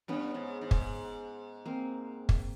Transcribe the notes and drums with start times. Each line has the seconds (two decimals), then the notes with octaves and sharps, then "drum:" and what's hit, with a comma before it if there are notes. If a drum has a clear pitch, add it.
0.08 G2 B3 C#4
0.34 G#2
0.61 G#2
0.71 drum: kick
1.65 A#3 C4
2.29 drum: kick